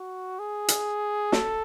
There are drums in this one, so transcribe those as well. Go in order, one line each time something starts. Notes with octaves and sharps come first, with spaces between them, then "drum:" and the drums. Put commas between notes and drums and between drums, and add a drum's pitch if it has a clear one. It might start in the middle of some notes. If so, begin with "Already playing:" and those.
Already playing: F#4
G#4
drum: hi-hat
A4, drum: snare